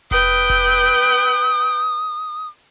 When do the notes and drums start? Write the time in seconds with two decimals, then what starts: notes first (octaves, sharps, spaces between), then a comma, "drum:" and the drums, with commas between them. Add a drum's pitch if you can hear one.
0.11 B4 G5 D#6, drum: kick F1
0.50 drum: kick F1